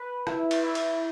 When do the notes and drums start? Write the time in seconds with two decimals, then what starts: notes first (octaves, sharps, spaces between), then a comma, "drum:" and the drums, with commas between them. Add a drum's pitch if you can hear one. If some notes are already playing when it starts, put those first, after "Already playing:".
Already playing: B4
0.27 E4, drum: rim click
0.51 drum: cymbal
0.63 E4
0.75 drum: cymbal